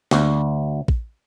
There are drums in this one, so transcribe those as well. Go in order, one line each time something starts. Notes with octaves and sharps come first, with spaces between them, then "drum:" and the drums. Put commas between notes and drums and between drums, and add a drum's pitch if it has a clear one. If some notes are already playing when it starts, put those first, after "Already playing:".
D2, drum: snare
drum: kick